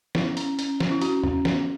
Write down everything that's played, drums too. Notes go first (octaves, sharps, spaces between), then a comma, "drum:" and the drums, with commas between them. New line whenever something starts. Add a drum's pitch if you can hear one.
C#4 E4, drum: snare
C#4, drum: hi-hat
C#4, drum: hi-hat
C#4, drum: snare
E4
C#4 F#4, drum: hi-hat
C#4, drum: tom E2
C#4, drum: snare